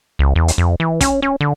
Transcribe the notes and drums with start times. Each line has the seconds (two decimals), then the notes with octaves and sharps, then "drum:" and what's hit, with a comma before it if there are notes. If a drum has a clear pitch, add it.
0.19 C#2
0.36 E2
0.48 drum: hi-hat
0.58 F2
0.80 E3
1.01 C#4, drum: kick, hi-hat
1.22 C#4
1.41 D3